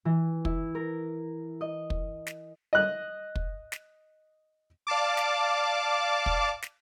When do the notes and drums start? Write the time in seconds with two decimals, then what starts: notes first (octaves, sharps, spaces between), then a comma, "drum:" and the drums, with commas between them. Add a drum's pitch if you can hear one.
0.05 E3
0.45 E4, drum: kick
0.75 A#4
1.61 D#5
1.90 drum: kick
2.27 drum: snare
2.73 D#5 F#6
3.35 drum: kick
3.72 drum: snare
4.87 D5 F5 A5 D6
5.17 drum: snare
6.26 drum: kick
6.62 drum: snare